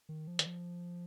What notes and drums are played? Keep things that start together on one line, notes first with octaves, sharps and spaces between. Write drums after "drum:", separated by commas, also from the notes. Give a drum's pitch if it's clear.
D#3
F3
D#3, drum: hi-hat
F3